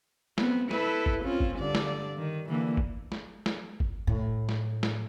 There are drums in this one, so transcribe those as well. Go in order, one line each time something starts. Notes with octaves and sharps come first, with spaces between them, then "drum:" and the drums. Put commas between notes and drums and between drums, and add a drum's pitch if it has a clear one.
B3 C4, drum: snare
E4 A4 B4, drum: snare
drum: kick G1
C4 C#4 F4
drum: kick G1
G2 D3 D5
drum: snare
D#3
D3 E3 A#3
drum: kick G1
drum: snare
drum: snare
drum: kick G1
A2
drum: snare
drum: snare